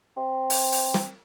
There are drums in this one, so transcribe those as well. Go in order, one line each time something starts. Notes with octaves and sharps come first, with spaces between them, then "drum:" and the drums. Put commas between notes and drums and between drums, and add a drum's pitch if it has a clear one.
C4
drum: open hi-hat
drum: open hi-hat
drum: snare